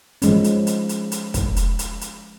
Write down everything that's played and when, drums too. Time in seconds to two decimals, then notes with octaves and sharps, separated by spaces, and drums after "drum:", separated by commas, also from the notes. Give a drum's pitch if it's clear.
0.22 F3 G#3 C#4, drum: hi-hat
0.44 drum: hi-hat
0.67 drum: hi-hat
0.89 drum: hi-hat
1.12 drum: hi-hat
1.34 drum: kick, hi-hat
1.56 drum: hi-hat
1.79 drum: hi-hat
2.01 drum: hi-hat